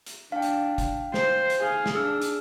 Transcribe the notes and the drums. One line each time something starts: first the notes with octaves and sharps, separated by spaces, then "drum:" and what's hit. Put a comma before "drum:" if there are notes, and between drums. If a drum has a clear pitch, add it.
drum: hi-hat
D4 F5 G5
drum: hi-hat
drum: kick, hi-hat
C5, drum: snare
drum: hi-hat
G#4 F5
drum: snare
D4 G#4 E6 F6
drum: hi-hat